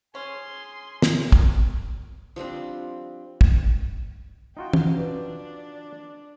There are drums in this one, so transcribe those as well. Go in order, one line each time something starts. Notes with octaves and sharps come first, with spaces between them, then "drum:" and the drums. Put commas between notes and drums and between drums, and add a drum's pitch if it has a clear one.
C#4 G#4 G#5 C6
drum: snare
drum: kick
F3 G3 C4 D4
drum: kick
D#4 F4 F#4 G5
drum: tom
D4 B4